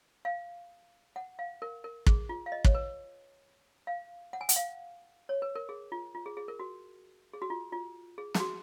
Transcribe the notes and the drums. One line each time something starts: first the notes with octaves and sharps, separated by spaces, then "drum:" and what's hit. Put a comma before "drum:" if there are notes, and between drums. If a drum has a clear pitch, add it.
F5
F#5
F5
A#4
A#4
G#4, drum: kick
F4
F5
D#5
C#5, drum: kick
B4
F5
F#5
G#5
F#5, drum: hi-hat
F5
C#5
B4
A#4
G#4
F4
F4
G#4
G#4
A#4
F#4
G#4
F#4
F4
F4
G#4
G#4, drum: snare
F#4